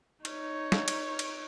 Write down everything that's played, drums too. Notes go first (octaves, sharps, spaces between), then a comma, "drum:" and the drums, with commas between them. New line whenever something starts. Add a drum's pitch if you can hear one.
D#4 C#5, drum: cymbal
drum: snare
drum: cymbal
drum: cymbal